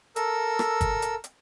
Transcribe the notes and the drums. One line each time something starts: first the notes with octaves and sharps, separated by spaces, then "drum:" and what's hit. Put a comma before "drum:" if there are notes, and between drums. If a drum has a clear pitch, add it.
A4 A#4 E6, drum: hi-hat
drum: rim click
drum: kick G1, hi-hat
drum: hi-hat
drum: hi-hat